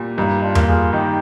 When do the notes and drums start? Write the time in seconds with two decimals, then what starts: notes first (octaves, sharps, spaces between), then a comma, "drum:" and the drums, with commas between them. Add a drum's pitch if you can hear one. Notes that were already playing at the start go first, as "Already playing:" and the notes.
Already playing: A#2 G3
0.17 G2 D#4
0.42 D4 F4
0.55 A#3, drum: tom E2
0.67 F4 G#4
0.93 D#3 D#4 G4